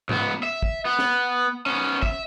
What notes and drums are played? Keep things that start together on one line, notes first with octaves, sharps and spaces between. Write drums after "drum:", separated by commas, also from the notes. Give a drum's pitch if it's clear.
C#2 B3, drum: tom G#2
E5
drum: kick
B3
drum: snare
B3 C#4
E5, drum: kick